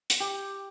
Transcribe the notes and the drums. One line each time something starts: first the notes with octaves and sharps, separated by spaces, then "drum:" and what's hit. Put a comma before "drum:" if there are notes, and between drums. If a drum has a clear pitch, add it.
drum: hi-hat
G4